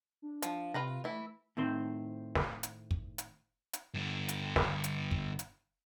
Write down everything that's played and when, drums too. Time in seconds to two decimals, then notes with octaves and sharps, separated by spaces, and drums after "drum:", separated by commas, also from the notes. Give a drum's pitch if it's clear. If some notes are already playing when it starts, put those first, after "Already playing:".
0.22 D4
0.42 F3, drum: hi-hat
0.74 C3 F4 B4 A#5
1.04 E3 A3 E4
1.57 A2 D#3 C4 C5
2.35 drum: snare
2.63 drum: hi-hat
2.91 drum: kick
3.18 drum: hi-hat
3.73 drum: hi-hat
3.94 G2 D3
4.29 drum: hi-hat
4.56 drum: snare
4.84 drum: hi-hat
5.11 drum: kick
5.39 drum: hi-hat